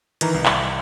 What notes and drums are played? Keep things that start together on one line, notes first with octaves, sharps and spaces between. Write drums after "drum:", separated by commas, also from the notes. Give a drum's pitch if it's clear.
D#3 E3 A#5, drum: hi-hat
C2
drum: clap